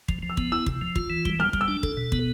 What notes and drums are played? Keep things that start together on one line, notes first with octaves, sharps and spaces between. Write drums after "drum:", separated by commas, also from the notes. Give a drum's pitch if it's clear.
F3, drum: kick
F3
E6
B3, drum: kick
E4 E6
C3, drum: kick
F3
F4, drum: kick
E3
G3, drum: kick
G3 F6
G3, drum: kick
E6
D4
A4, drum: kick
B2
B3, drum: kick